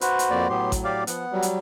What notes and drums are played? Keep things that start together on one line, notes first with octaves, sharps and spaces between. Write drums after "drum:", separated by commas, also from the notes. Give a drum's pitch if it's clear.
F#4 B4 C5, drum: hi-hat
drum: hi-hat
F2 A#3 D5
A2 F#3 B3 G4 C6
drum: kick A1, hi-hat
G4 D5 F5
F3 B3 F#5, drum: hi-hat
F#3 G3
drum: hi-hat